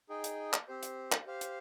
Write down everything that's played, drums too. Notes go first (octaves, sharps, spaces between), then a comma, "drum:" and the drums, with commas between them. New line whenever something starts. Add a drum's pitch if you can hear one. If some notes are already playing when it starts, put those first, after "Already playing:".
D#4 G#4 D#5 G5
drum: hi-hat
drum: clap
C4 G4 C5
drum: hi-hat
drum: clap
G4 C5 F5
drum: hi-hat